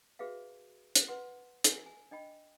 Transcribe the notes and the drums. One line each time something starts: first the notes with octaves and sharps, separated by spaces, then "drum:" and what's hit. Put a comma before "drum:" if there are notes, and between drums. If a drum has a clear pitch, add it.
F#4 G#4 B4 E5 F5
drum: hi-hat
B4 F#5 C6
G#5, drum: hi-hat
G#5
D4 D#5 G5 B5